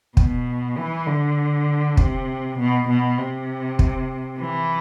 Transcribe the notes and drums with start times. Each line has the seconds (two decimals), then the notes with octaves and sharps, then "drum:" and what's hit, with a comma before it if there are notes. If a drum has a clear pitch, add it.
0.17 B2, drum: kick
0.78 E3
1.07 D3
1.97 C3, drum: kick
2.58 B2
2.88 B2
3.18 C3
3.79 drum: kick
4.40 E3